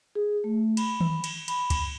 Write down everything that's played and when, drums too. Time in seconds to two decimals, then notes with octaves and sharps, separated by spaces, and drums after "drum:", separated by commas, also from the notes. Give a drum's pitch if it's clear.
0.15 G#4
0.44 A3
0.77 B5, drum: cymbal
1.00 drum: tom D#3
1.24 drum: cymbal
1.48 B5, drum: cymbal
1.70 drum: kick, cymbal